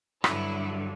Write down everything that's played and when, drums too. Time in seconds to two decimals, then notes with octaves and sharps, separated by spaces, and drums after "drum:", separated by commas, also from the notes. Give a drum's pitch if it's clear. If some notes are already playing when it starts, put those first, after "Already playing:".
0.24 G2 D3 F#3 E4, drum: rim click